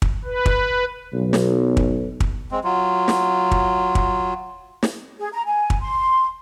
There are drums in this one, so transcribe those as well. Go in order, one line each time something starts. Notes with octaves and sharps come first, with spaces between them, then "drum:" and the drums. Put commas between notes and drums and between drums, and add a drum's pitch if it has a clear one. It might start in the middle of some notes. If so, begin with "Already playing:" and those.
drum: kick
B4
drum: kick
B1
drum: snare
drum: kick
drum: kick
G#3 C4
F#3 F4
drum: snare
drum: kick
drum: kick
drum: snare
G#4
A#5
G#5
drum: kick
C6